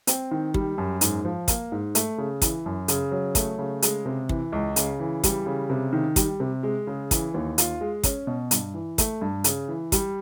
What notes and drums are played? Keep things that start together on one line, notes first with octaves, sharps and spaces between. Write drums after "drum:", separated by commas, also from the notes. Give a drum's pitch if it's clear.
C4, drum: hi-hat
D#3
G3, drum: kick
F#2
G#2, drum: hi-hat
F3
A#3, drum: kick, hi-hat
G#2
A3, drum: hi-hat
C#3
E3, drum: kick, hi-hat
F#2
C#3, drum: hi-hat
F#3
A3, drum: kick, hi-hat
C#3
G#3, drum: hi-hat
C3
E3, drum: kick
C#2
C#3, drum: hi-hat
E3
G3, drum: kick, hi-hat
C#3
C3
D#3
G3, drum: kick, hi-hat
C3
G#3
C#3
E3, drum: kick, hi-hat
D#2
F4, drum: hi-hat
G#3
C#4, drum: kick, hi-hat
B2
G2, drum: hi-hat
E3
A3, drum: kick, hi-hat
G2
C#3, drum: hi-hat
E3
G3, drum: kick, hi-hat